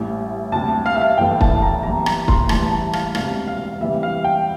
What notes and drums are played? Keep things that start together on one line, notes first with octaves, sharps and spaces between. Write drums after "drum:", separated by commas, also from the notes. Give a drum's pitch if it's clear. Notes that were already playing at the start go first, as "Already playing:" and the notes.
Already playing: A1 A2 G3
D2 C3 G3 A5
F5
E5
F5
A1 G2 E3 A3 G5
A5, drum: kick
A#5
E2 E3 G3 A#5
A#5, drum: rim click
C6, drum: kick
A1 A2 E3 G3 A5, drum: rim click
A5
F5, drum: rim click
E1 D2 C3 F5, drum: rim click
F5
D2 C3 E3 G3 E5
F5
G5